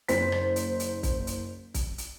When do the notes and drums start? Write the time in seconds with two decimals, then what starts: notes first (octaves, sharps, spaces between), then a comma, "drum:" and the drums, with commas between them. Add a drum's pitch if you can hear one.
0.08 F#1 C5 B6, drum: hi-hat
0.32 drum: rim click
0.56 drum: hi-hat
0.80 drum: hi-hat
1.03 drum: kick, hi-hat
1.27 drum: hi-hat
1.74 drum: kick, hi-hat
1.98 drum: hi-hat